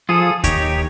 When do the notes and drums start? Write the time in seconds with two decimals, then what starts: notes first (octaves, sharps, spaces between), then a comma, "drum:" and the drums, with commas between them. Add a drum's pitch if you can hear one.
0.09 F3 F4 G#4 A4 D#6
0.44 D#2 D#4 G4 C#5, drum: kick D#2, hi-hat